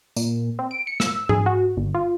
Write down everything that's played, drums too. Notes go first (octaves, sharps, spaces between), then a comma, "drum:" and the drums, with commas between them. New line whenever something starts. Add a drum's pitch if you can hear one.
A#2, drum: tambourine
C4
D7
C#7
E6, drum: snare
G#4, drum: tom G#2
F#4
G1
F4